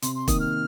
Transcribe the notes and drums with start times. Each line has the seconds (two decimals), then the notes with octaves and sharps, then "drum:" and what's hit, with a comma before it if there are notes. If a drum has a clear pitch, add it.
0.02 C3 C6, drum: hi-hat
0.15 C6
0.28 D#3 A#3 D#6, drum: kick E1, hi-hat
0.40 F6